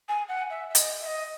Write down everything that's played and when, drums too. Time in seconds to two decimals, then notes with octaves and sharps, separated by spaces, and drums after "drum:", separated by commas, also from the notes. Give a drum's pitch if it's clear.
0.08 G#5
0.28 F#5
0.50 E5
0.70 E5
0.75 D#5, drum: hi-hat
1.01 E5
1.05 D#5